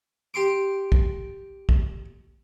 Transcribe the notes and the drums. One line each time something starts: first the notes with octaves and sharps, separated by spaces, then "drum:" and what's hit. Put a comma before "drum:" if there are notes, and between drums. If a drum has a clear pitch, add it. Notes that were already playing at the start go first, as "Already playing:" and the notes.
G4 C6 D6
drum: kick
drum: kick